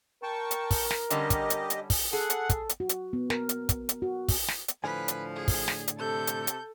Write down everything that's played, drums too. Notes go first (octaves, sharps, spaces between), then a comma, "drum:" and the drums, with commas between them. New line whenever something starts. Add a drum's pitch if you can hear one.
A#4 G5 A5 C#6
drum: hi-hat
drum: kick, open hi-hat
drum: snare
D3 G3 C#4 G4 D#5, drum: hi-hat
drum: kick, hi-hat
drum: hi-hat
drum: hi-hat
drum: kick, open hi-hat
G#4 A4 F#5
drum: hi-hat
drum: kick, hi-hat
drum: hi-hat
F#4
drum: hi-hat
B3
A#4, drum: snare
drum: hi-hat
drum: kick, hi-hat
drum: hi-hat
F#4
drum: kick, open hi-hat
drum: snare
drum: hi-hat
A2 D3 F3 B4 G#5
drum: hi-hat
G#4
drum: kick, open hi-hat
drum: snare
drum: hi-hat
C3 A4 G6
drum: hi-hat
drum: hi-hat